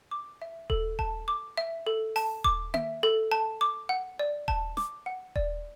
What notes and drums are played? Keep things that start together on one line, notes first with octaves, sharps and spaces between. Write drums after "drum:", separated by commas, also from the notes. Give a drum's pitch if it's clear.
D6
E5
A4, drum: kick D#1
A5, drum: kick D#1
D6
E5
A4
A5, drum: open hi-hat
D6, drum: kick D#1
E5, drum: tom A#3
A4
A5
D6
F#5
D5
A5, drum: kick D#1
D6, drum: snare
F#5
D5, drum: kick D#1